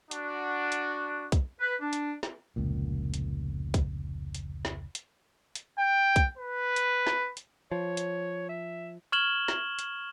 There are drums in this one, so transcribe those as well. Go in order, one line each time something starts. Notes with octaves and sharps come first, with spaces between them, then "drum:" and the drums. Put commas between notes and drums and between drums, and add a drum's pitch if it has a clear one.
D4 F#4, drum: hi-hat
drum: hi-hat
drum: kick B1, hi-hat
B4
D4
drum: hi-hat
drum: snare
F1 C#2 A#2
drum: hi-hat
drum: kick B1, hi-hat
drum: hi-hat
drum: snare
drum: hi-hat
drum: hi-hat
G5
drum: kick B1, hi-hat
B4
drum: hi-hat
drum: snare
drum: hi-hat
F3 C#5
drum: hi-hat
E5
C#6 F6 G#6 E7 F#7 G7
drum: snare
drum: hi-hat